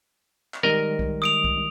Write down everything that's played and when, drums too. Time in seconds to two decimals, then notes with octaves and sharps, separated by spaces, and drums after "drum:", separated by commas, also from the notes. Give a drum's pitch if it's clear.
0.54 drum: clap
0.63 D#3 G3 G#3 A#4 D#5
0.99 drum: kick
1.22 D#6 D7 F7
1.44 drum: kick